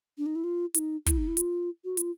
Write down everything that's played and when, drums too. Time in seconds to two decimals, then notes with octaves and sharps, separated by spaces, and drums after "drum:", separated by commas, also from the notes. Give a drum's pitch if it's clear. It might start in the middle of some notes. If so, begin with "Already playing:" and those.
0.18 D4
0.26 D#4
0.36 E4
0.44 F4
0.74 E4, drum: hi-hat
0.78 D#4
1.06 E4, drum: kick, hi-hat
1.18 D#4
1.28 E4
1.37 F4, drum: hi-hat
1.85 F#4
1.97 F4, drum: hi-hat